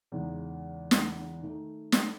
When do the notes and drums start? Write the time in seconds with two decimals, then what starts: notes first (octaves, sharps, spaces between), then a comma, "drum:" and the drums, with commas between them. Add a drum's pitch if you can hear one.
0.12 E2 C#3 G#3 D#4
0.91 drum: snare
1.41 D#3 A3 D#4
1.92 drum: snare